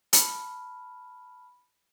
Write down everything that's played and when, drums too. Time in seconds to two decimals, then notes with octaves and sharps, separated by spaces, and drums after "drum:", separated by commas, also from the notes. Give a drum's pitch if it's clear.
0.13 A5 B5 F6, drum: hi-hat